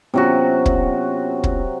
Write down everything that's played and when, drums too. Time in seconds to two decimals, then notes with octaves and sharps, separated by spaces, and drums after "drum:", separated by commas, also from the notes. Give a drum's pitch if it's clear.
0.14 C3 F#3 B3 C#4 F4 F#4
0.66 drum: kick
1.44 drum: kick